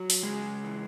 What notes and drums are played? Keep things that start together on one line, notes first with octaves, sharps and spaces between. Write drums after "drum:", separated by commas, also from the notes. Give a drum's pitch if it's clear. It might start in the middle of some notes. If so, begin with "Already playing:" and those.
Already playing: F#3 F#4
drum: open hi-hat
C#3 G#3 G#4
E3